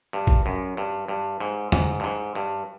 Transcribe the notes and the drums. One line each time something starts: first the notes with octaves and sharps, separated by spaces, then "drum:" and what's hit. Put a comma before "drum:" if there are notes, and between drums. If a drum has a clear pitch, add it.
G2
drum: kick
F#2
G2
G2
G#2
G#2, drum: tom
G2
G#2
G2